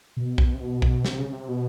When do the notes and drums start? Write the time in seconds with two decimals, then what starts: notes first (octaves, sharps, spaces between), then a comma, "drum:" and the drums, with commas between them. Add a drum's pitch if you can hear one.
0.17 B2
0.38 drum: kick B1
0.54 C3
0.60 B2
0.82 drum: kick B1
1.05 C3, drum: snare
1.19 C#3
1.32 C3
1.48 B2